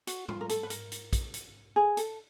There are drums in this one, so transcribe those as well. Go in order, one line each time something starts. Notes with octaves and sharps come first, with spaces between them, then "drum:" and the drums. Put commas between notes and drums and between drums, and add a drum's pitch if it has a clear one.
F#4, drum: hi-hat
F4, drum: tom G#2
A#4
A4, drum: hi-hat
B4
A#4, drum: hi-hat
drum: hi-hat
drum: kick, hi-hat
drum: hi-hat
G#4
A4, drum: hi-hat